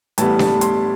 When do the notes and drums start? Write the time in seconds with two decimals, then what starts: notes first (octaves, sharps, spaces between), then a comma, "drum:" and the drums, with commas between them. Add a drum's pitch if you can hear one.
0.18 A2 E3 G3 B3 A5, drum: hi-hat
0.39 A5, drum: snare D4
0.61 C6, drum: hi-hat